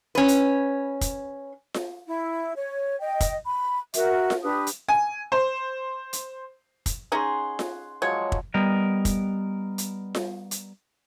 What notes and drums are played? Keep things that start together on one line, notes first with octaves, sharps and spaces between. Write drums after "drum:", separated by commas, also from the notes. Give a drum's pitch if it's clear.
C#4 B4
drum: hi-hat
drum: kick, hi-hat
drum: snare F4
E4
C#5
D#5 G5
drum: kick, hi-hat
B5
F#4 A#4 E5, drum: hi-hat
drum: snare F4
D4 G4 B4 D#6
drum: hi-hat
G#5
C5
drum: hi-hat
drum: kick, hi-hat
C#4 D#4 G#4 F#5 C6
drum: snare F4
F3 F#3 G#3 C#5
drum: kick
G3 B3 A#4 D#5
drum: kick, hi-hat
drum: hi-hat
drum: snare F4
drum: hi-hat